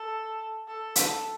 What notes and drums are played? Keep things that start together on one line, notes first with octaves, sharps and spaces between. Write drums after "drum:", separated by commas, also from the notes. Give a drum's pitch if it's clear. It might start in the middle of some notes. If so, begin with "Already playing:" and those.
Already playing: A4
A4
drum: hi-hat